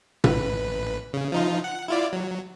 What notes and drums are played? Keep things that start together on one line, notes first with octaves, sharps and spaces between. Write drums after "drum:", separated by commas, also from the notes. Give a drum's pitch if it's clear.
A1 B4, drum: tom
C#3
F3 D#4 F4
F#5
E4 F4 D5
F#3